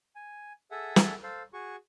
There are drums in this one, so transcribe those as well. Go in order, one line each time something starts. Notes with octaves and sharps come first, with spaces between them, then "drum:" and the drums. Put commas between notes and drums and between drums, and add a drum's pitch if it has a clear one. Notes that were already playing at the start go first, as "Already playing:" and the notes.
G#5
G#4 A4 E5 F#5
drum: snare
A4 C5 F5
F#4 G#4 C#6